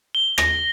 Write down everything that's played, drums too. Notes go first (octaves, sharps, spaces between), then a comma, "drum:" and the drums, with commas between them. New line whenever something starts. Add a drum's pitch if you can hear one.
G7
A#6, drum: rim click